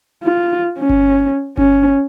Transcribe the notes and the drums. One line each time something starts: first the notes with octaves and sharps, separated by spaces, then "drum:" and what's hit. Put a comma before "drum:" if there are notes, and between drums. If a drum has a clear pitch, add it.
F4
C#4
drum: kick G1
C#4, drum: kick G1